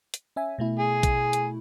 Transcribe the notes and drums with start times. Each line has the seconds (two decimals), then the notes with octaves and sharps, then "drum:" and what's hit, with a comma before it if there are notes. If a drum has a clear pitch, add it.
0.14 drum: hi-hat
0.36 C#4 E5 G#5
0.59 B2 A3 E4
0.79 G#4
1.03 drum: kick, hi-hat
1.33 drum: hi-hat